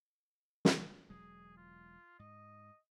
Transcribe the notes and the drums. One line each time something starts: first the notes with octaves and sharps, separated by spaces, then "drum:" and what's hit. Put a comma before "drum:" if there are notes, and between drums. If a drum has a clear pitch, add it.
drum: snare
E1 F#3 G#3 G#4
F4
G#2 D#5